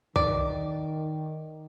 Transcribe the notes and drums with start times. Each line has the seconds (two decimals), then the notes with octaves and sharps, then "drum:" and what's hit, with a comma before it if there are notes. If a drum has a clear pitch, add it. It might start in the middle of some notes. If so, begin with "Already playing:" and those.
0.16 D#3 D5, drum: kick